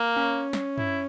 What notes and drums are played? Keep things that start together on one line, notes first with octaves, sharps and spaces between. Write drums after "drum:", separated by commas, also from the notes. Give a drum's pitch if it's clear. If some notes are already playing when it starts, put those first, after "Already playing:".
Already playing: A#3
C#4
drum: snare
E4, drum: tom